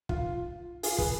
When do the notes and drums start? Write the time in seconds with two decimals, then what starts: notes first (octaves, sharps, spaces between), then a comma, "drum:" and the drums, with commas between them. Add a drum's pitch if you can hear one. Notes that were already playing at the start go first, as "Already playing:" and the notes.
0.09 F4, drum: kick
0.83 F4 G#4, drum: open hi-hat
0.98 G#4 B4, drum: kick